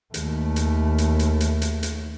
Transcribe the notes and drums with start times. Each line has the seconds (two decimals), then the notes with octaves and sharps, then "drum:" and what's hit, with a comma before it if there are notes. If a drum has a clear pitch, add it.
0.14 D#2 A3, drum: hi-hat
0.56 drum: hi-hat
0.98 drum: hi-hat
1.19 drum: hi-hat
1.40 drum: hi-hat
1.62 drum: hi-hat
1.83 drum: hi-hat